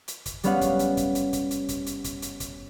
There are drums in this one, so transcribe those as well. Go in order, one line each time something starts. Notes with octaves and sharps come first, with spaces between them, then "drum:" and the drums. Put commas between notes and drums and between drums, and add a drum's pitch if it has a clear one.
drum: hi-hat
drum: kick, hi-hat
G3 B3 C#4 B4 F5 F#5, drum: hi-hat
drum: kick, hi-hat
drum: hi-hat
drum: kick, hi-hat
drum: hi-hat
drum: kick, hi-hat
drum: hi-hat
drum: kick, hi-hat
drum: hi-hat
drum: kick, hi-hat
drum: hi-hat
drum: kick, hi-hat